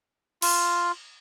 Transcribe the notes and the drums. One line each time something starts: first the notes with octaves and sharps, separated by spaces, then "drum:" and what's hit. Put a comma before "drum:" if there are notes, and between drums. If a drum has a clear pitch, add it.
F4, drum: cymbal